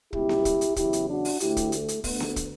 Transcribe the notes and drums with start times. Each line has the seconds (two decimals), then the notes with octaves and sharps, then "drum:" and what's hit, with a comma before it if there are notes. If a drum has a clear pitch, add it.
0.13 C#2 B2 G3 E4 G4, drum: kick
0.29 drum: snare B3
0.45 drum: kick, hi-hat
0.61 drum: hi-hat
0.76 E2 C#3 F#3 E4 G4, drum: kick, hi-hat
0.93 drum: hi-hat
1.08 D4 F#4
1.25 drum: open hi-hat
1.40 D2 D3 A3 E4 G4, drum: hi-hat
1.57 drum: kick, hi-hat
1.72 A3, drum: hi-hat
1.88 drum: hi-hat
2.04 D2 D3 A3 B3, drum: kick, open hi-hat
2.20 drum: snare B3
2.36 drum: kick, hi-hat